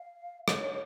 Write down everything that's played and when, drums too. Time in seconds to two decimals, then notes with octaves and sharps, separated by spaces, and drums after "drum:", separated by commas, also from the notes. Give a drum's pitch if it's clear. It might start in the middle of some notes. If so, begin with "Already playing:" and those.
Already playing: F5
0.48 C#5, drum: rim click
0.67 C#5